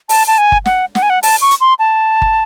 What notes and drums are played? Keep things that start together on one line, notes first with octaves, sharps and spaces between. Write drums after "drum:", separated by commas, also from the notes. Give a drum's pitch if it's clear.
A5, drum: open hi-hat
A5
G#5
drum: kick G1
F#5, drum: snare
F#5, drum: snare
G#5
F#5
A5, drum: open hi-hat
C#6
drum: hi-hat
C6
A5
drum: kick G1